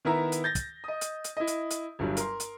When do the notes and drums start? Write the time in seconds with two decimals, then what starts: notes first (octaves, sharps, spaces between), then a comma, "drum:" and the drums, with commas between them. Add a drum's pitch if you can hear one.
0.05 D#3 B3 E4 A#4 E5 A#5
0.32 drum: hi-hat
0.44 G6 A6 A#6
0.55 drum: kick, hi-hat
0.84 D#5 D#6
1.01 drum: hi-hat
1.24 drum: hi-hat
1.37 E4 D#5
1.48 drum: hi-hat
1.71 drum: hi-hat
1.99 G1 G2 F#3 G3
2.17 A#4 C6, drum: hi-hat
2.40 drum: hi-hat